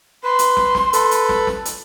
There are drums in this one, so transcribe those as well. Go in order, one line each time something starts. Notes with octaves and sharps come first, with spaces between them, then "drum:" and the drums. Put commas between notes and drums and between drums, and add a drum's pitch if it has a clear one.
B4 C6
drum: hi-hat
drum: snare
drum: snare
A4 B4, drum: hi-hat
drum: hi-hat
drum: snare
drum: snare
drum: hi-hat